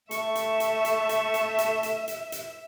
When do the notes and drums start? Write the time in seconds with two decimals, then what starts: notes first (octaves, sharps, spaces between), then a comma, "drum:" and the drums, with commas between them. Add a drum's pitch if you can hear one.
0.11 A3 E5 C#6, drum: hi-hat
0.35 drum: hi-hat
0.60 drum: hi-hat
0.85 drum: hi-hat
1.09 drum: hi-hat
1.34 drum: hi-hat
1.58 drum: hi-hat
1.83 drum: hi-hat
2.08 drum: hi-hat
2.32 drum: hi-hat